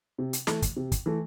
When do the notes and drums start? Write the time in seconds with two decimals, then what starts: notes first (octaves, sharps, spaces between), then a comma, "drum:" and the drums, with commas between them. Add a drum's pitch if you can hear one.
0.18 C3
0.33 drum: hi-hat
0.47 E3 A3, drum: snare
0.62 drum: kick, hi-hat
0.76 C3
0.92 drum: kick, hi-hat
1.06 E3 A3